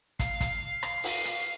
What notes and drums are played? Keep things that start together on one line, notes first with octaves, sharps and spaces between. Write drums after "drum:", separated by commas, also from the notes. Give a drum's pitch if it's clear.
F5, drum: kick, hi-hat
drum: kick, hi-hat
drum: rim click
drum: open hi-hat
drum: hi-hat